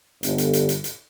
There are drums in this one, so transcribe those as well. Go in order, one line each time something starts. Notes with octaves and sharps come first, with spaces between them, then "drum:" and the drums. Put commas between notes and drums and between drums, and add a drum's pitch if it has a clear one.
G1, drum: hi-hat
drum: hi-hat
drum: hi-hat
drum: hi-hat
drum: hi-hat